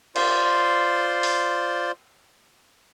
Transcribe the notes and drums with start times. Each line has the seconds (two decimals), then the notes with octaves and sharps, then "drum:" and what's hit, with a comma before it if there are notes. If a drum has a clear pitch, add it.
0.16 F4 C5 D5 C6, drum: cymbal
1.23 drum: open hi-hat